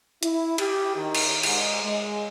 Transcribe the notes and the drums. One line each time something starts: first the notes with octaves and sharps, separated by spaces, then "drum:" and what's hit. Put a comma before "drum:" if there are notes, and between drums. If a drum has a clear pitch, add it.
E4, drum: hi-hat
G4, drum: cymbal
D#3
drum: cymbal
G#2, drum: cymbal
G#3